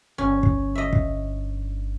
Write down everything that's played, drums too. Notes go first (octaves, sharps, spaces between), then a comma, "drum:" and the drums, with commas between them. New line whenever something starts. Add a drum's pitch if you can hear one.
G1 C#4
drum: kick
D#5 E5
drum: kick